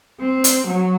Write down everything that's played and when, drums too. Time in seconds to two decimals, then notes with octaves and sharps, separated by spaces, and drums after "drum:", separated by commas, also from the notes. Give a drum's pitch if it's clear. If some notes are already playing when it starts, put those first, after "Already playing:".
0.20 C4
0.44 drum: hi-hat
0.68 F#3